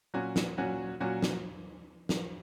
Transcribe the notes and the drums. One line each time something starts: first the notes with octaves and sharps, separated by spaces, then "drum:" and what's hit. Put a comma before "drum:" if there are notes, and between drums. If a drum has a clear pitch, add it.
A#2 F#3 C#4 F#4
drum: snare
A#2 F#3 C#4 F#4
A#2 F#3 C#4 F#4
drum: snare
drum: snare